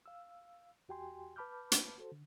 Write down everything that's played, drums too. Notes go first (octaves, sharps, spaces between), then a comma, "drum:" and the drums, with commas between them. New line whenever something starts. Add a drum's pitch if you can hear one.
F5 E6
E2 F#4 G4 G5 G#5 C6
B4 A5 B5 D6 F6 G6
drum: hi-hat
F#4 A4 C5
D3